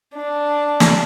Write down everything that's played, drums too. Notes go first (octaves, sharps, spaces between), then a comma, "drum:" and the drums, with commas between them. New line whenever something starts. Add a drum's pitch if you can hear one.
D4
drum: snare